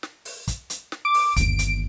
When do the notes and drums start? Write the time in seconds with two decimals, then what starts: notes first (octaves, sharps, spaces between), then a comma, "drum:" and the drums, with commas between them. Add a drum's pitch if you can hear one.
0.03 drum: snare
0.25 drum: open hi-hat
0.47 drum: kick, hi-hat
0.70 drum: hi-hat
0.92 drum: snare
1.05 D6
1.14 drum: open hi-hat
1.36 G1 D#2 D7, drum: kick, hi-hat
1.59 drum: hi-hat